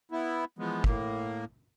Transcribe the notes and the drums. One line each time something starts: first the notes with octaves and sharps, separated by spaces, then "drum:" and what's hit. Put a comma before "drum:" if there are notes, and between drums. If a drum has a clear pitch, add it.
B3 E4
E3 F3 G#3 B3
A2 A#3, drum: kick